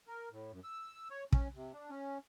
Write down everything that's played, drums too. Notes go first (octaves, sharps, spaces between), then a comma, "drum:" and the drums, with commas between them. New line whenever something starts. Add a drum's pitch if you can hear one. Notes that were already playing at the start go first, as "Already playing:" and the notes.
A#4
A2
F#2
E6
C#5
C#4, drum: kick
C3
D4
C#4